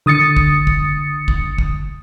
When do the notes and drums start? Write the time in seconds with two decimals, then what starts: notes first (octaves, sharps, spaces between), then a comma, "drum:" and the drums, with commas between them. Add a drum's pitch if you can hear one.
0.06 D3 D#6 A6 C#7
0.37 drum: kick
0.67 drum: kick
1.28 drum: kick
1.58 drum: kick